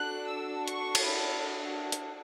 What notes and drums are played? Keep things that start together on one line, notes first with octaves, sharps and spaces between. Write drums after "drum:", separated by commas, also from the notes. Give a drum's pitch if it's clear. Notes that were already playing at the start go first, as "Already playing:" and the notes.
Already playing: D4 F#4 A4 F#6
E6
C#6, drum: hi-hat
drum: cymbal
B5
drum: hi-hat